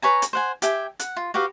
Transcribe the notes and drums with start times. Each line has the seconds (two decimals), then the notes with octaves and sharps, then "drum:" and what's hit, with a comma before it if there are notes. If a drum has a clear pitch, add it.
0.02 B4 C#5 G#5 A#5
0.22 drum: hi-hat
0.33 C5 F#5 G#5
0.62 G4 E5 G5 G#5, drum: hi-hat
1.00 F#5, drum: hi-hat
1.17 F4
1.34 F#4 G4 B4 F5